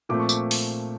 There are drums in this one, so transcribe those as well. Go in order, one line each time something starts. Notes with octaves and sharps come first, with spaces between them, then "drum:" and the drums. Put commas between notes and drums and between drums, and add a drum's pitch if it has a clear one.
A#2 F3 A3 C4 D6
C#6
D6, drum: tambourine
drum: open hi-hat